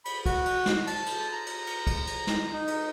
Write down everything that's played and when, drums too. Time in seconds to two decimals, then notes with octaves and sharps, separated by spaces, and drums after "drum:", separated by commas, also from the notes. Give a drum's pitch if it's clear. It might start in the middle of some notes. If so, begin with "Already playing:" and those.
0.05 B5, drum: cymbal
0.26 F#4, drum: kick, cymbal
0.46 drum: cymbal
0.66 drum: snare
0.87 A5, drum: cymbal
1.06 drum: cymbal
1.33 A#5
1.46 drum: cymbal
1.67 drum: cymbal
1.87 drum: kick, cymbal
2.07 drum: cymbal
2.27 drum: snare
2.52 D#4
2.67 drum: cymbal